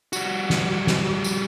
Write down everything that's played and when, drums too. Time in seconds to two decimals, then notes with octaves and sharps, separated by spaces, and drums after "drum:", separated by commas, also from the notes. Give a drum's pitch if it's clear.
0.13 G3 F#4, drum: tambourine
0.50 drum: snare
0.87 drum: snare
1.24 drum: tambourine